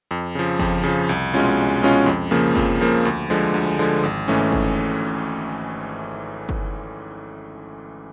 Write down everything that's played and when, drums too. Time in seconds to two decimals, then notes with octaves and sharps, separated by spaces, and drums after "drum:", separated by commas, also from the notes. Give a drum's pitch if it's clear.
0.11 F2
0.35 C#3 F3
0.59 F2, drum: kick
0.83 C#3 F3
1.09 C2
1.34 B2 G#3 C#4 F4
1.57 C2
1.82 B2 G#3 C#4 F4
2.06 F2
2.31 C#3 F3 A#3
2.55 F2, drum: kick
2.81 C#3 F3 A#3
3.05 D2
3.30 D3 F3 G#3
3.54 D2
3.79 D3 F3 G#3
4.03 G#1
4.28 G#2 E3 A3 C#4
4.52 drum: kick
6.49 drum: kick